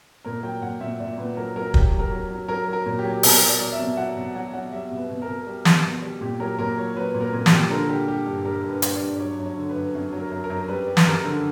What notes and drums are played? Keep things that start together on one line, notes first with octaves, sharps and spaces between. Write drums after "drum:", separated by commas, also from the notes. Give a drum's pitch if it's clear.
A#2 A#4
F#3 G5
A#2 F#5
A#2 E5
A#2 D5
A#2 B4
F#3 A#4
F#3 A#4
F#3 G4, drum: kick
F#3
A#4
F#3
F#3
F#3 A#4
F#3
A#4
A#2
G4
F#3
G4
B2 A#4, drum: open hi-hat
F#3
D5
F#3
E5
B2
F#3 F#5
B2
F#3 F#5
F#3 F#5
G3 E5
B2
B4
B2
A#4
B2
G3
B2, drum: snare
B2
G3
A#2 G4
F#3 A#4
A#2 A#4
F#3 C#5
F#3 B4
A#2
A#4
A#2
G4, drum: snare
A#2
D3 A#4
G3 G4
G3 G4
G2
G3 A#4
G2
B4
G3, drum: hi-hat
D5
G2
D5
F#3 C#5
F#2
C#5
D3
B4
F#2
F#2
F#3
A#4
F#2
A#4
F#2
G3 B4
G3
drum: snare
F#2 A#4
D3